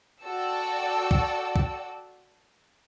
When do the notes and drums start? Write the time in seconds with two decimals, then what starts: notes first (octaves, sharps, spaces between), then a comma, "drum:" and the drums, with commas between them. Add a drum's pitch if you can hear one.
0.23 F#4 A4 D5 G5 A5 E6
1.11 drum: kick
1.56 drum: kick